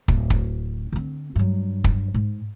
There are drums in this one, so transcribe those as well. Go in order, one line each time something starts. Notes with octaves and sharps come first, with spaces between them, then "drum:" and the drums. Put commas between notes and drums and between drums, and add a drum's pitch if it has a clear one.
D1, drum: kick
drum: kick
D3 C4
G2 F#3
drum: kick
G#2